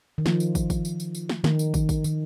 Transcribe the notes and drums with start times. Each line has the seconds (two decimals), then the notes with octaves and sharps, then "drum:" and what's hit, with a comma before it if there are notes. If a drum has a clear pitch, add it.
0.18 D#3
0.26 F3, drum: snare
0.40 drum: tambourine
0.55 drum: kick, tambourine
0.70 drum: kick, tambourine
0.85 drum: tambourine
1.00 drum: tambourine
1.15 drum: tambourine
1.29 drum: snare
1.44 D#3, drum: snare
1.59 drum: tambourine
1.74 D#3, drum: kick, tambourine
1.89 drum: kick, tambourine
2.04 D#3, drum: tambourine